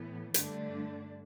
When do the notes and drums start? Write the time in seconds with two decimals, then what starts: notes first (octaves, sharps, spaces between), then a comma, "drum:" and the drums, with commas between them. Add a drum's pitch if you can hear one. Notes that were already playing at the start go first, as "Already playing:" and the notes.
Already playing: A2 E3 B3
0.34 G2 D3 A3 D4, drum: hi-hat